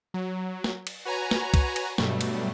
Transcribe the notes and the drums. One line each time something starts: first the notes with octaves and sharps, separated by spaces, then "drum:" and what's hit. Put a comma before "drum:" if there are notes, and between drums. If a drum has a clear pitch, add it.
F#3
drum: snare
drum: cymbal
F#4 B4 C#5 G#5 A#5
drum: snare
drum: kick C2, cymbal
drum: cymbal
G2 B2 F#3 G3 A3, drum: snare
drum: cymbal